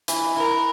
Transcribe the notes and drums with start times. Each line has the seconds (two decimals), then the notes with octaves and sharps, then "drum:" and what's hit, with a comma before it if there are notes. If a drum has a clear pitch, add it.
0.08 E3, drum: hi-hat
0.36 E3 A#4